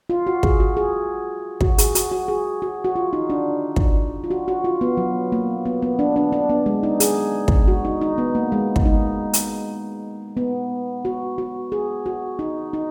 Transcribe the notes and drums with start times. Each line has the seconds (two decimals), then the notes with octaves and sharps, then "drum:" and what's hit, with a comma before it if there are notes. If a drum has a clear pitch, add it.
0.10 F4
0.27 F#4
0.43 G#4, drum: kick
0.60 F#4
0.77 G#4
1.61 F#4, drum: kick
1.78 G#4, drum: hi-hat
1.95 F#4, drum: hi-hat
2.11 F#4
2.28 G#4
2.62 F#4
2.84 F#4
2.96 F4
3.13 D#4
3.30 D4
3.76 drum: kick
4.24 F4
4.31 F#4
4.48 F#4
4.65 F4
4.81 B3
4.97 F#3
5.32 A#3
5.65 B3
5.82 B3
5.99 D4
6.16 D4
6.32 D4
6.50 B3
6.66 G#3
6.83 D#4
7.00 G#4, drum: hi-hat
7.48 drum: kick
7.68 F#4
7.85 D#4
8.01 D#4
8.18 B3
8.35 A#3
8.52 G#3
8.76 drum: kick
8.85 D#4
9.33 drum: hi-hat
10.37 B3
11.05 F#4
11.38 F#4
11.72 G#4
12.06 F#4
12.39 D#4
12.73 D#4